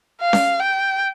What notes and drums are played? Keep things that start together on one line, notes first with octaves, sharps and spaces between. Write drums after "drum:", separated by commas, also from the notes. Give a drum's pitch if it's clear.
F5
drum: snare C#4
G5